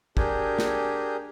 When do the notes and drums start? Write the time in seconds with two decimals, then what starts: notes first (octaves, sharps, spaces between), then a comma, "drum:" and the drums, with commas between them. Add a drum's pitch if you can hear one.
0.17 D4 G4 G#4 A#4 G#5 G6, drum: kick
0.59 drum: snare